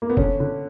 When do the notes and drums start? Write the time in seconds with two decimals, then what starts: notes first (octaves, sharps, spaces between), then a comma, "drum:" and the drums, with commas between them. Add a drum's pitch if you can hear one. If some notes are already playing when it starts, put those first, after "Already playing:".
0.02 A#3
0.10 B3
0.17 D3 C#4, drum: kick F1
0.40 D3